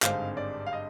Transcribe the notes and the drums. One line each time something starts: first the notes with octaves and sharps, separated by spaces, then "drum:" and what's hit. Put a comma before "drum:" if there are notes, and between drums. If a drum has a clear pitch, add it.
G#1 G2 D3 G#3 C4 F5, drum: clap
D5
F5
D#5